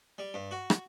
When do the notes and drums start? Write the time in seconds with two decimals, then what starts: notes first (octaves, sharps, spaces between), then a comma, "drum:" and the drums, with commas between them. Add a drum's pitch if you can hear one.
0.18 G3
0.34 G2
0.51 F#4
0.70 drum: rim click